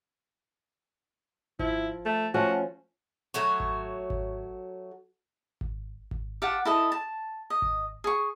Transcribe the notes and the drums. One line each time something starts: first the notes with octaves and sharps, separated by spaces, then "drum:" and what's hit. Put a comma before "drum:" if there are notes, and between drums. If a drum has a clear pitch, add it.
F3 E4, drum: kick G#1
A3
F3 A3 C#4 F#4
F#3 A3 F#4 C#5
drum: kick G#1
drum: kick G#1
drum: kick G#1
drum: kick G#1
G4 F5 F#5 A5
E4 A4 D#5
A5
D#5
drum: kick G#1
G#4 C#6